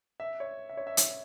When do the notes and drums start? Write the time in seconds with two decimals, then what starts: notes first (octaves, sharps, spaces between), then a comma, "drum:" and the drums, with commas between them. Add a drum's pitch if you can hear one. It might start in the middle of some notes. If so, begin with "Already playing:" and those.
0.20 E5
0.40 C#5
0.69 E5
0.77 C#5
0.87 E5
0.97 drum: hi-hat